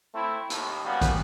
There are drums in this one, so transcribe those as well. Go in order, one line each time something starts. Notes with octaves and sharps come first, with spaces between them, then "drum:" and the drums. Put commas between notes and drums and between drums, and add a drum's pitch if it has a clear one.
A3 C4 E4
D#2 A2, drum: hi-hat
C#3 G3 B3 F#4
drum: kick, hi-hat